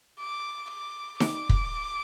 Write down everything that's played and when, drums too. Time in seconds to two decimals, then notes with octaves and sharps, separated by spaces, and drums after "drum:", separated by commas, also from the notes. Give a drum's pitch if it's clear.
0.20 D6
0.70 D6
1.20 D6, drum: snare D#4
1.49 drum: kick